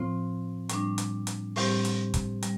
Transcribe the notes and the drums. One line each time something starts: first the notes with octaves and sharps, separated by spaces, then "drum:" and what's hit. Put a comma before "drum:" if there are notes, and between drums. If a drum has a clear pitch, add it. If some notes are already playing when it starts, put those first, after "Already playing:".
Already playing: A2 F3 C4 F4 C5
A2 G3 D4, drum: hi-hat
drum: hi-hat
drum: hi-hat
A2 G3 C4 G4 C5, drum: open hi-hat
drum: hi-hat
drum: kick, hi-hat
G3, drum: hi-hat